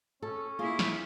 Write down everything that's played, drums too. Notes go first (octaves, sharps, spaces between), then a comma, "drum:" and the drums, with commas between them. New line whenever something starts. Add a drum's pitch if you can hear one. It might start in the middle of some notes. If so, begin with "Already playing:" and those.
C#4 A4
A#3 E4 F4 G#4
drum: snare